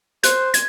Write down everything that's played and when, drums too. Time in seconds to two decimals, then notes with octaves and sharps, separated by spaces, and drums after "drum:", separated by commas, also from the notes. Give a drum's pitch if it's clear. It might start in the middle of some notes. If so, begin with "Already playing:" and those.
0.23 C5 F#6, drum: hi-hat
0.54 G#6, drum: hi-hat